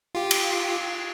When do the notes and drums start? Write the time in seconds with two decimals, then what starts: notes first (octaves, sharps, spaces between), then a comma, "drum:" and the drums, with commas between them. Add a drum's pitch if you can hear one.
0.15 F4 G4
0.31 drum: cymbal